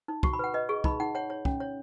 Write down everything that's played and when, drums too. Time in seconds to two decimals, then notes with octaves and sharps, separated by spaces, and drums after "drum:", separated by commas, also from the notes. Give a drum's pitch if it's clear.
0.08 D#4
0.23 F#4 C#6, drum: kick
0.33 B5
0.39 B4 F#5
0.54 B4 D#5
0.69 G#4 C#6
0.84 D#4 B5, drum: kick
1.00 D#4 F#5
1.15 C#5 F#5
1.30 C#5
1.45 C#4, drum: kick
1.60 C#5